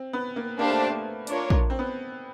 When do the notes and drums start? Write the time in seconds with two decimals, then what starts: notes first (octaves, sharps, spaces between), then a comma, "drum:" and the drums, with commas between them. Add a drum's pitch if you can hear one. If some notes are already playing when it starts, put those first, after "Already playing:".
Already playing: C4
0.13 B3
0.36 A#3
0.59 A#3 D4 G4 C5 F5 A5
0.70 A3
0.89 A3
1.27 D4 F4 A#4 C#5, drum: hi-hat
1.50 drum: kick A#1
1.70 C4
1.79 B3